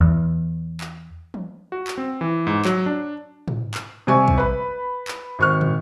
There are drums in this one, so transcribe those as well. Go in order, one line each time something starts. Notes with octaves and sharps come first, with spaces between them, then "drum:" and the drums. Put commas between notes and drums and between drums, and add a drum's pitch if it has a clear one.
E2
drum: clap
drum: tom E3
F#4
drum: clap
C4
E3
G#2
F#3, drum: clap
D4
drum: tom
drum: clap
C3 G3 G#5 C#6
drum: kick
B4 B5
drum: clap
G#1 C#6 F6
drum: tom